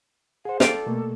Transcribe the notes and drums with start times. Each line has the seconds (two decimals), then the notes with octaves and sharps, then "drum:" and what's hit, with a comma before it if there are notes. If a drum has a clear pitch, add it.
0.45 G#4 C5 F#5
0.60 F4 G4 A4 D5, drum: snare
0.86 B2 A3 A#3